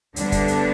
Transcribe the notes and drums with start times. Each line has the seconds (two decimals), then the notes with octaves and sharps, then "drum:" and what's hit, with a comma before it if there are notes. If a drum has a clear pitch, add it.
0.16 D2 D3 G3 B3 D4, drum: hi-hat
0.32 drum: kick, hi-hat
0.48 drum: hi-hat